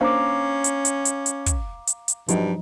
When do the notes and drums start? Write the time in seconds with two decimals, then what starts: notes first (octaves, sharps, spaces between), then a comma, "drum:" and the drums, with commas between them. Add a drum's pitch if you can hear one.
0.01 A#3 C#4 D4 C5 F5 A#5 D6
0.64 drum: hi-hat
0.85 drum: hi-hat
1.05 drum: hi-hat
1.26 drum: hi-hat
1.46 drum: kick, hi-hat
1.87 drum: hi-hat
2.08 drum: hi-hat
2.28 G2 F3 F#3 D#4, drum: hi-hat